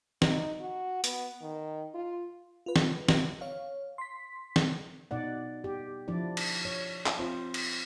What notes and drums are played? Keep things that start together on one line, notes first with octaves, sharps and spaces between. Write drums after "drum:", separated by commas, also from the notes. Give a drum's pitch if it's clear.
D#4, drum: snare
F#4
B3, drum: hi-hat
D#3
F4
F4 B4
drum: snare
drum: snare
C#5 F5
C6 B6
drum: snare
B2 D#4 D5 F#5
G4
F3 D4 E4 D5
drum: cymbal
C#5
drum: clap
C4 F4 C5
drum: cymbal